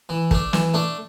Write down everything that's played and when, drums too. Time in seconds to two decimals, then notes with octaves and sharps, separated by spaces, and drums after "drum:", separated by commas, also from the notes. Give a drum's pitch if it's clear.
0.09 E3
0.31 A3 D4, drum: kick
0.53 E3, drum: snare
0.74 A3 D4